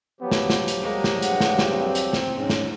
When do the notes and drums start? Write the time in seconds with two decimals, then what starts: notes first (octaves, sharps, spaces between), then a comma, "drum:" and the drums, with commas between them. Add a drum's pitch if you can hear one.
0.21 F3 F#3 B3 G4
0.32 drum: snare
0.50 drum: snare
0.68 drum: hi-hat
0.82 G3 G#3 A#3
1.04 drum: snare
1.22 G2 F#5, drum: hi-hat
1.41 drum: snare
1.59 drum: snare
1.73 C4
1.95 drum: hi-hat
2.13 drum: snare
2.35 G#2 C#4
2.50 drum: snare